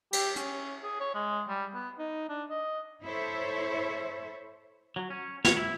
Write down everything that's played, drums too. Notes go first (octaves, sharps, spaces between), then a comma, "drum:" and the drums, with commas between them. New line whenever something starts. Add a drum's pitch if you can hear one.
G4, drum: cymbal
C#4, drum: hi-hat
G#4
C#5
G#3
G3
B3
D#4
D4
D#5
E4 A4 C5 C#5 E5
F#3
C#4
C#5, drum: snare
E4